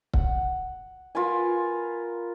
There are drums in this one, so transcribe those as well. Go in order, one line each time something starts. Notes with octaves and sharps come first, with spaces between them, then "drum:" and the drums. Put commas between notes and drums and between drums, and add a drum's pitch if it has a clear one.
F#5, drum: kick C#1
F4 A#4 B4 G#5